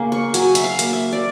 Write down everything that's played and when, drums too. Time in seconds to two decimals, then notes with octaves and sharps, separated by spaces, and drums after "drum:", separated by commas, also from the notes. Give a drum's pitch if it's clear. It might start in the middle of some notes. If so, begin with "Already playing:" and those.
Already playing: C#3 A#3
0.12 C#6
0.34 F#3 G#5, drum: hi-hat
0.55 E5, drum: hi-hat
0.64 F5
0.79 A#3, drum: hi-hat
0.93 E5
1.12 D5